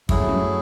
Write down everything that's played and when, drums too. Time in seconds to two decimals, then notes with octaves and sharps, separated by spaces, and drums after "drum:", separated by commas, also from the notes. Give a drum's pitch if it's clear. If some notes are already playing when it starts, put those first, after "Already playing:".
0.09 F#2 F#3 A3 E4 G#4, drum: kick
0.21 F#2
0.27 E2
0.32 F#2